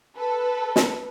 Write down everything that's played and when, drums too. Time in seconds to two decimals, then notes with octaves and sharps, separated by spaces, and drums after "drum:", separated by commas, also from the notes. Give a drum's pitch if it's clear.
0.16 A4 B4
0.76 drum: snare